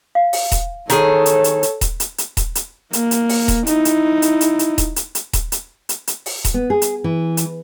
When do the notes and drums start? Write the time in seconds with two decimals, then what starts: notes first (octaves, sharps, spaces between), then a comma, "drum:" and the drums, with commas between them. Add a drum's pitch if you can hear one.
0.15 F5
0.33 drum: open hi-hat
0.52 drum: kick D#1, hi-hat
0.90 D#3 G#4 A4 C#5, drum: hi-hat
1.26 drum: hi-hat
1.44 drum: hi-hat
1.63 drum: hi-hat
1.81 drum: kick D#1, hi-hat
2.00 drum: hi-hat
2.18 drum: hi-hat
2.37 drum: kick D#1, hi-hat
2.55 drum: hi-hat
2.93 A#3, drum: hi-hat
3.11 drum: hi-hat
3.29 drum: open hi-hat
3.48 drum: kick D#1, hi-hat
3.67 D#4 E4, drum: hi-hat
3.85 drum: hi-hat
4.22 drum: hi-hat
4.41 drum: hi-hat
4.59 drum: hi-hat
4.78 drum: kick D#1, hi-hat
4.96 drum: hi-hat
5.15 drum: hi-hat
5.33 drum: kick D#1, hi-hat
5.52 drum: hi-hat
5.89 drum: hi-hat
6.07 drum: hi-hat
6.26 drum: open hi-hat
6.45 drum: kick D#1, hi-hat
6.54 B3
6.70 G#4
6.82 drum: hi-hat
7.04 E3
7.37 drum: hi-hat